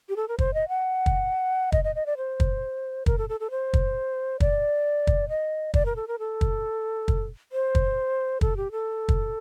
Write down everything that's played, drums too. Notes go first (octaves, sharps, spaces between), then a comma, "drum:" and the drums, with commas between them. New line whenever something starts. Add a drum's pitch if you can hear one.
G4
A4
A#4
C5, drum: kick
D#5
F#5
drum: kick
D#5, drum: kick
D#5
D#5
D5
C5
drum: kick
A#4, drum: kick
A4
A4
A4
C5
drum: kick
D5, drum: kick
drum: kick
D#5
D5, drum: kick
A#4
A4
A#4
A4
drum: kick
drum: kick
C5
drum: kick
A4, drum: kick
G4
A4
drum: kick